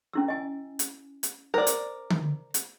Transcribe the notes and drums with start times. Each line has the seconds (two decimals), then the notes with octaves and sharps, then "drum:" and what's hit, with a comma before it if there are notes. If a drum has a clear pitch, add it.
0.13 C#4 E4 E6
0.28 D#5 G#5
0.79 drum: hi-hat
1.23 drum: hi-hat
1.54 A#4 C5 D5
1.67 drum: hi-hat
2.10 drum: tom D3
2.54 drum: hi-hat